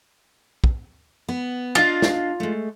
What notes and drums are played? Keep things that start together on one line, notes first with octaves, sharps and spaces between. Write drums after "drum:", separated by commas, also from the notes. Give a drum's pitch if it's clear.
drum: kick
B3
D4 F4 D#5 F5
drum: snare
G#3 A3